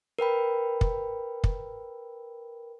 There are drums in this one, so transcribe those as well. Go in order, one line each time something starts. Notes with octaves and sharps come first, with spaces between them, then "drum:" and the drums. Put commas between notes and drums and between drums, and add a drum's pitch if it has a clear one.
A#4 B4 G5 B5
drum: kick
drum: kick